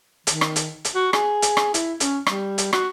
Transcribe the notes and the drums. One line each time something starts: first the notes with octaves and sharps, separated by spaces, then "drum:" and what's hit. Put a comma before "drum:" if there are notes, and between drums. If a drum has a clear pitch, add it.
D#3, drum: hi-hat
drum: rim click
drum: hi-hat
drum: hi-hat
F#4
G#4, drum: rim click
drum: hi-hat
drum: rim click
E4, drum: hi-hat
C#4, drum: hi-hat
G3, drum: rim click
drum: hi-hat
F#4, drum: rim click